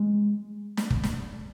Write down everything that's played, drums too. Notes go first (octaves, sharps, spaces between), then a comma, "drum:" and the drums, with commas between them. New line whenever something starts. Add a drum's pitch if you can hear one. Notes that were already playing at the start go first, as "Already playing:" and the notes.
Already playing: G#3
drum: snare
drum: kick
drum: snare